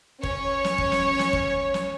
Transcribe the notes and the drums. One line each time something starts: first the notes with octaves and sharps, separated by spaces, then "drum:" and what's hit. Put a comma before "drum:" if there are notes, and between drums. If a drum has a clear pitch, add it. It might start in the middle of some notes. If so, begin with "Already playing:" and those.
C#4 C#5, drum: kick
drum: snare
drum: kick
drum: snare
drum: snare
drum: kick
drum: snare